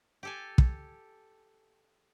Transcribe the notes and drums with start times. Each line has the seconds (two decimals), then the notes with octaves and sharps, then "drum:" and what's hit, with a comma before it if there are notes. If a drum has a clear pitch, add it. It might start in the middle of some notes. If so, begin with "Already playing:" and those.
0.23 G4 A4 G#5
0.58 drum: kick